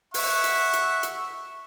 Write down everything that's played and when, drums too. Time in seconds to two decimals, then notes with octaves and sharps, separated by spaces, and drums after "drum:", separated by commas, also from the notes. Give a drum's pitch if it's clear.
0.14 E5 F#5 C#6, drum: open hi-hat
0.44 drum: hi-hat
0.73 drum: hi-hat
1.03 drum: hi-hat